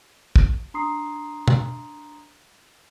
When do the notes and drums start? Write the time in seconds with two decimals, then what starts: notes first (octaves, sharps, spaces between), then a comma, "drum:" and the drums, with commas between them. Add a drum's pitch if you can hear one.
0.36 drum: kick
0.74 D4 A#5 C6 D#6 C7
1.48 drum: tom